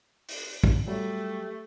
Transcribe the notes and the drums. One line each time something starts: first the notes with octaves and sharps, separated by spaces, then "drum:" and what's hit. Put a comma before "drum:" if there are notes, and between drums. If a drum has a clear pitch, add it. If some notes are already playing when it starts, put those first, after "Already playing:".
drum: open hi-hat
drum: kick
F#3 G3 A3 G4